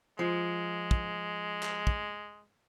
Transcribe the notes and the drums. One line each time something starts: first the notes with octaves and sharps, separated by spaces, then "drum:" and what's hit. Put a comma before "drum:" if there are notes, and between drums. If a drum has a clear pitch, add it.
F3 G#3
drum: kick
drum: clap
drum: kick